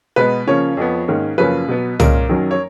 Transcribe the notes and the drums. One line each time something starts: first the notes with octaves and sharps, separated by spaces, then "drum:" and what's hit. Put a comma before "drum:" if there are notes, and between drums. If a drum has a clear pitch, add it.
B2 G#3 B3 B4
C#3 F3 A#3 C#4 C#5
F2 F3 B3
G#2 D#3 A#3 C#4
F#2 C#3 F3 A#3 C#4 B4
B2 F#3 B3
A#2 G#3 C#4 A#4, drum: tom
F#2 D#3 F#3 C#4
C#5